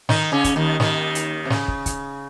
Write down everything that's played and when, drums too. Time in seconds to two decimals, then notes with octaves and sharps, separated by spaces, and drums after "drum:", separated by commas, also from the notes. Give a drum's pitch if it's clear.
0.09 D#3 D#4, drum: snare
0.32 C#3 C#4
0.44 drum: kick, hi-hat
0.56 D#2 D#3
0.80 D#2 D#3, drum: snare
1.15 drum: hi-hat
1.45 C3
1.50 C#3, drum: snare
1.68 drum: kick
1.86 drum: kick, hi-hat